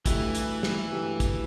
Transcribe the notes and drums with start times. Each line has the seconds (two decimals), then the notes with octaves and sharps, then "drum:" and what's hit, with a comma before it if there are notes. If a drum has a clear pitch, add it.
0.06 G2 E3 F#3 A3 E4 G4, drum: kick, hi-hat
0.35 drum: hi-hat
0.63 drum: snare
0.92 G2 F#3 A3 E4 G4
1.20 drum: kick, hi-hat